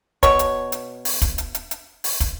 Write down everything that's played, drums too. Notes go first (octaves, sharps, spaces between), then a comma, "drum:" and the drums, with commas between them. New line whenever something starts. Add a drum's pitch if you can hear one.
B2 C#5, drum: kick, hi-hat
drum: hi-hat
drum: hi-hat
drum: open hi-hat
drum: kick, hi-hat
drum: hi-hat
drum: hi-hat
drum: hi-hat
drum: open hi-hat
drum: kick, hi-hat